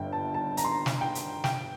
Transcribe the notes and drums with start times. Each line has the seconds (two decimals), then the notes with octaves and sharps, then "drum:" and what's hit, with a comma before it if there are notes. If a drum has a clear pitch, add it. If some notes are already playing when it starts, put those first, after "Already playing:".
Already playing: G1 G2 D3 G5
0.12 A5
0.34 A5
0.57 A#5, drum: hi-hat
0.65 C6
0.71 A#5
0.86 drum: snare
1.01 G5
1.15 drum: hi-hat
1.44 G5, drum: snare